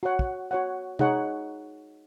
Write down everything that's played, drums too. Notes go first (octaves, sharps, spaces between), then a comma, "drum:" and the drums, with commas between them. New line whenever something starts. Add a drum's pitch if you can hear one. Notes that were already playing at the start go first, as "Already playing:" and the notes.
F#4 C#5 F#5
drum: kick
F#4 C#5 F#5
D#4 G#4 C#5 F#5, drum: tom